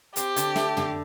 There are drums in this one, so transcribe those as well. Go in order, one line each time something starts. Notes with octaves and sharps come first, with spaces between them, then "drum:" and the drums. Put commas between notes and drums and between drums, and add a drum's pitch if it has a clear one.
C4 G4, drum: hi-hat
D3, drum: hi-hat
A3, drum: snare
D3, drum: tom